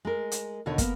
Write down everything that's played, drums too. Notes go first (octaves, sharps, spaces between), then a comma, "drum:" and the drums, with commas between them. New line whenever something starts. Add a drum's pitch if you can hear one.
G#3 A#4
drum: hi-hat
D#2 B2 D3 D#4 C#5
A#3 B3, drum: kick, hi-hat